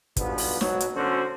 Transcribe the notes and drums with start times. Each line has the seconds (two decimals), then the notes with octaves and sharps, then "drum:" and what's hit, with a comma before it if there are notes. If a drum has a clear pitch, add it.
0.16 B1 G2 F3 B3, drum: kick, hi-hat
0.38 drum: open hi-hat
0.61 B2 F#3, drum: snare
0.80 drum: hi-hat
0.95 D3 C#4 F#4 C5